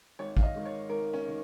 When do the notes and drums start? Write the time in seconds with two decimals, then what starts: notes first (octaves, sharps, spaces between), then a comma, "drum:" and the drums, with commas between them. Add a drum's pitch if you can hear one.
0.19 G#1 C#5
0.37 F5, drum: kick
0.43 D#5
0.54 G#2 D#3
0.65 C#5
0.89 G#1 A#4
1.13 C#4
1.28 D#3